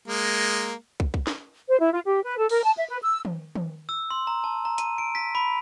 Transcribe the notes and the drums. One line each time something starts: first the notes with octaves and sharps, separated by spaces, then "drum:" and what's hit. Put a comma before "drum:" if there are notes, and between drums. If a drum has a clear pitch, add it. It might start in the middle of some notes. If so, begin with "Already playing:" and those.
G#3 A#3
drum: kick
drum: kick
drum: snare
C5
E4
F4
G4
B4
A4
A#4, drum: cymbal
A5
E5
B4
E6
drum: tom D#3
drum: tom D#3
E6
C6
A#5
A5
A#5
D#7, drum: hi-hat
D7
B6
B5